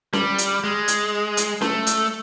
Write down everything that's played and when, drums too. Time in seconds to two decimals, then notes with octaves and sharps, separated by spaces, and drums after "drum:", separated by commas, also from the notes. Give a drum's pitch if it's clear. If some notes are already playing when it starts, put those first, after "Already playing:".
0.13 G3, drum: snare C#4
0.38 drum: hi-hat
0.64 G#3
0.88 drum: hi-hat
1.37 drum: hi-hat
1.61 A3, drum: snare C#4
1.87 drum: hi-hat